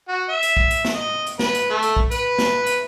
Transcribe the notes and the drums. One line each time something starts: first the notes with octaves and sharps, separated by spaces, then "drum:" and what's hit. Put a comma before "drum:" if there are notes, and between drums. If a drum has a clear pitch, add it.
F#4
E5
drum: hi-hat
drum: kick
drum: hi-hat
drum: snare
D#5
drum: hi-hat
B4, drum: snare
drum: hi-hat
A3
drum: hi-hat
drum: kick
B4, drum: hi-hat
drum: snare
drum: hi-hat